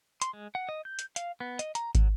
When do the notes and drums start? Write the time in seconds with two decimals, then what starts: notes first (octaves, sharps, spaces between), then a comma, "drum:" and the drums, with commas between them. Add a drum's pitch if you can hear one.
0.22 C6, drum: hi-hat
0.33 G#3
0.55 F#5
0.69 D#5
0.85 G6
0.99 drum: hi-hat
1.16 F5, drum: hi-hat
1.40 B3
1.59 D#5, drum: hi-hat
1.75 A#5, drum: hi-hat
1.95 F#3, drum: kick, hi-hat